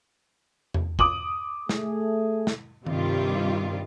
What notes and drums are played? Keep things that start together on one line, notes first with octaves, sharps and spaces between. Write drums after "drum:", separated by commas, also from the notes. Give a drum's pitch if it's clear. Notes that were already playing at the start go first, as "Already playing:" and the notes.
drum: tom E2
D6 D#6 F#7, drum: kick
A3 G#4, drum: snare
drum: snare
G2 C3 D#3 G3 F4, drum: tom D#3